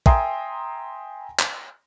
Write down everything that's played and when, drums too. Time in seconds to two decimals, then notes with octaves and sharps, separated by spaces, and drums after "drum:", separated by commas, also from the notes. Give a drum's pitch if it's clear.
0.06 E5 G5 G#5 A#5 C6 D#6, drum: kick
1.39 drum: clap